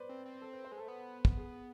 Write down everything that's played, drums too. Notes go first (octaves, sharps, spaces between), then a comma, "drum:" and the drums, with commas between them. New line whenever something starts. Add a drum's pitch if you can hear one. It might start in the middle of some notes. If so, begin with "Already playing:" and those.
Already playing: B4 C5 D5
C4
C4
A4
B4
C5
G#3
A3 A4
B3
drum: kick
G#4